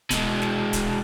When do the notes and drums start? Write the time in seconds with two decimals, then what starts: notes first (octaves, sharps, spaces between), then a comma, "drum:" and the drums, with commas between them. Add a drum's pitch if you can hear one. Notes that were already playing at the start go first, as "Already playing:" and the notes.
0.10 B2 G#3, drum: kick D1, hi-hat
0.42 drum: snare
0.73 drum: kick D1, hi-hat